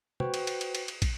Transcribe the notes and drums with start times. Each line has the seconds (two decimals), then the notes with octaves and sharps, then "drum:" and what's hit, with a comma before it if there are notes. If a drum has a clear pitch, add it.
0.20 F#4 B4 C5 G5, drum: tom
0.34 drum: cymbal
0.47 drum: cymbal
0.61 drum: cymbal
0.75 drum: cymbal
0.88 drum: cymbal
1.02 drum: kick, cymbal